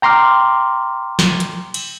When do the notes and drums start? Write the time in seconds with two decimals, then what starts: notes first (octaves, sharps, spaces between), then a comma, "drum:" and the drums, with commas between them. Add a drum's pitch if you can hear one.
0.02 G5 A#5 C6 D6 F6
1.19 drum: snare
1.40 drum: hi-hat
1.74 drum: cymbal